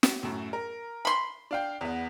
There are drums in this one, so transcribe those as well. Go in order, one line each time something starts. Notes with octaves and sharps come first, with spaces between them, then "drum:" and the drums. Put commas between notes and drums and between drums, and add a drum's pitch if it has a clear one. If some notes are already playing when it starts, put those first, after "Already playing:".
drum: snare
F#2 A2
A#4
B5 C6
D4 F5 G5
E2 B3